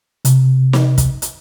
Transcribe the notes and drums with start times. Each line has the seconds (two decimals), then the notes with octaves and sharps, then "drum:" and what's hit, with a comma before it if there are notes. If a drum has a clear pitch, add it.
0.25 C3, drum: hi-hat
0.73 drum: snare
0.98 drum: kick, hi-hat
1.22 drum: hi-hat